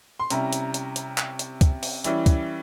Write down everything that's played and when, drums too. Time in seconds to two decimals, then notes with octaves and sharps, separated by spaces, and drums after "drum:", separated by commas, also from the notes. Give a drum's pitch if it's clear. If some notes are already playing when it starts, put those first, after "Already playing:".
0.20 C6
0.30 C3 G3 C#4 E4 A#5, drum: hi-hat
0.53 drum: hi-hat
0.74 drum: hi-hat
0.96 drum: hi-hat
1.18 drum: clap
1.39 drum: hi-hat
1.61 drum: kick, hi-hat
1.83 drum: open hi-hat
2.04 E3 G3 C#4 E4, drum: hi-hat
2.26 drum: kick, hi-hat